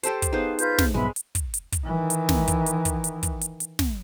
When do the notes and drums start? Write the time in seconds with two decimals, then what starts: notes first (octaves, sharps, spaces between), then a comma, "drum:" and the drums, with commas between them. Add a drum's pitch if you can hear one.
0.03 G4 A4 C5, drum: hi-hat
0.22 drum: kick, hi-hat
0.33 B3 D#4 G#4 C5 F5
0.59 F4 B4 G6, drum: hi-hat
0.79 drum: snare
0.94 B1 G#2 G#3 B3 B4 E5 B5
1.16 drum: hi-hat
1.35 drum: kick, hi-hat
1.54 drum: hi-hat
1.72 drum: kick, hi-hat
1.85 D#3 E3
2.10 drum: hi-hat
2.29 drum: snare
2.48 drum: kick, hi-hat
2.66 drum: hi-hat
2.85 drum: kick, hi-hat
3.04 drum: hi-hat
3.23 drum: kick, hi-hat
3.41 drum: hi-hat
3.60 drum: hi-hat
3.79 drum: snare